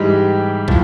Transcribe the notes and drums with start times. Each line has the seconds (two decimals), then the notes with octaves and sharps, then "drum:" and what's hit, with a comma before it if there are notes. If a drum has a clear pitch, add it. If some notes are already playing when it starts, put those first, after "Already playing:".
Already playing: G#2 E3 G3 G#3 G4
0.68 A2 F3, drum: kick